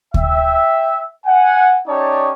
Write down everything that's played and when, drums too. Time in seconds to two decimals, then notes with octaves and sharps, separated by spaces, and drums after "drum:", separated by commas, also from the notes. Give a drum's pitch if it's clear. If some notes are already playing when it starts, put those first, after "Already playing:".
0.14 E5 G5, drum: kick D2
1.26 F#5 G#5
1.88 C#4 D#4 G4 C#5 D5 A5